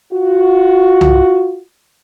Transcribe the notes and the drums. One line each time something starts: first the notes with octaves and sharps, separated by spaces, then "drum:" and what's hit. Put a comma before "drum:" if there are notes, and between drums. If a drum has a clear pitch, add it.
F4 F#4
drum: tom C2